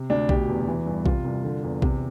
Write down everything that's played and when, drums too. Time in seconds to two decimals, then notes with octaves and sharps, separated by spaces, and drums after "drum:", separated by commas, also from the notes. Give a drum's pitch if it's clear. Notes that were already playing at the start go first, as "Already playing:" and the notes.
Already playing: C3
0.10 D2 D4
0.29 B2 G4, drum: kick A#1
0.49 E2
0.68 E3
0.86 G2
1.06 C3 F4, drum: kick A#1
1.24 C2
1.44 D3
1.63 E2
1.82 C3, drum: kick A#1